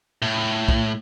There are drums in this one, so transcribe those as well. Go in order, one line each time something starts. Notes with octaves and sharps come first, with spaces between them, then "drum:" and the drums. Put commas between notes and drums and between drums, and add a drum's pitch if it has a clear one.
A2
drum: kick